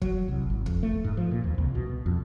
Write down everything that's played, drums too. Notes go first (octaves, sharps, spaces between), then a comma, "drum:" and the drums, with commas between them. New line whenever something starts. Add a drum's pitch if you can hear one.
F#3, drum: kick
C2
G#1
F2, drum: kick
A3
G#2
F3
A#2
D#2
C2
B2
F2